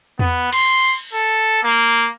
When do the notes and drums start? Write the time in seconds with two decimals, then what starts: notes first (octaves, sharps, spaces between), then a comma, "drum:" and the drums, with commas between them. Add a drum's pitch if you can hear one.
0.19 B3, drum: tom E2
0.53 C6, drum: cymbal
1.13 A4
1.63 A#3